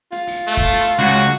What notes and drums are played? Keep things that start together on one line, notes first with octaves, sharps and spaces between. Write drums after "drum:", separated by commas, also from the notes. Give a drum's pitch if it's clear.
F4, drum: hi-hat
drum: open hi-hat
A3
drum: kick, open hi-hat
drum: open hi-hat
drum: hi-hat
C#2 F#4
drum: hi-hat